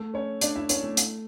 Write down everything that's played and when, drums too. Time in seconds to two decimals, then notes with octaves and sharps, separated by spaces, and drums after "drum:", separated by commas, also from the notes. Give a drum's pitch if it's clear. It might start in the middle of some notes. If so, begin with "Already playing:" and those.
Already playing: A3 A4
0.14 C#4 C#5
0.41 D4 D5, drum: hi-hat
0.55 E4 E5
0.69 C#4 C#5, drum: hi-hat
0.83 A3 A4
0.97 drum: hi-hat